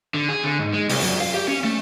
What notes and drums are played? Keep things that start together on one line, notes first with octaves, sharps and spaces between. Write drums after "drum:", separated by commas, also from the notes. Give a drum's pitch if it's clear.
D3
G#4
D3
G#2
G#3
C2, drum: open hi-hat
F#2
F5
G4
C#4
A3